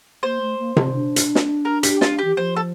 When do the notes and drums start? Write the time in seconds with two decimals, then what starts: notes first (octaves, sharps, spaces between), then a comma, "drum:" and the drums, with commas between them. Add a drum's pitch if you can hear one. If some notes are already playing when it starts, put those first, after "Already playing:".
0.23 A#3 C5
0.41 A3
0.59 A#3
0.77 C4, drum: tom C3
0.94 D4
1.16 drum: hi-hat
1.35 drum: snare
1.65 A#4
1.83 G4, drum: hi-hat
2.01 F4, drum: snare
2.19 G4
2.24 E3
2.37 F3 C5
2.56 A4